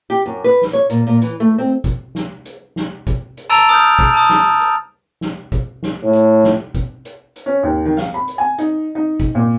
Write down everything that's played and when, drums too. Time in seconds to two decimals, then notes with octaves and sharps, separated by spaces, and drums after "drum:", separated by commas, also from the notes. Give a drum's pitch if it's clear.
0.10 G4
0.26 F#2
0.44 B4
0.62 drum: snare
0.73 C#5
0.90 A#2, drum: hi-hat
1.07 A#2
1.22 E3, drum: hi-hat
1.40 A3
1.58 C4
1.84 drum: kick, hi-hat
2.15 drum: snare
2.45 drum: hi-hat
2.76 drum: snare
3.07 drum: kick, hi-hat
3.37 drum: hi-hat
3.50 A5 A#5 E6 A6 D7 F7
3.69 D#6 F6 G6, drum: hi-hat
3.99 drum: kick, hi-hat
4.14 A5 D#6
4.29 drum: snare
4.60 drum: hi-hat
5.21 drum: snare
5.52 drum: kick, hi-hat
5.83 drum: snare
6.03 A2
6.13 drum: hi-hat
6.44 drum: snare
6.74 drum: kick, hi-hat
7.05 drum: hi-hat
7.36 drum: hi-hat
7.46 C#4
7.63 D#2
7.85 D#3
7.97 F5, drum: snare
8.14 B5
8.28 drum: hi-hat
8.38 G#5
8.58 D#4, drum: hi-hat
8.95 D#4
9.20 drum: kick, hi-hat
9.35 A#2